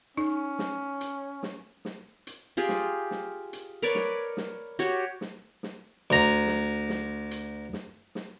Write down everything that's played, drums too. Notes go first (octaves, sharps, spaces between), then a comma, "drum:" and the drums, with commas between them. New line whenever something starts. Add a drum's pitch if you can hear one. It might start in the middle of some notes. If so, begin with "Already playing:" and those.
C#4 D#4
drum: snare
drum: hi-hat
drum: snare
drum: snare
drum: hi-hat
F4 G4 G#4
drum: snare
drum: snare
drum: hi-hat
A#4 B4 C#5 D5
drum: snare
drum: snare
F#4 G4 C#5, drum: hi-hat
drum: snare
drum: snare
D2 A#5
drum: snare
drum: snare
drum: hi-hat
drum: snare
drum: snare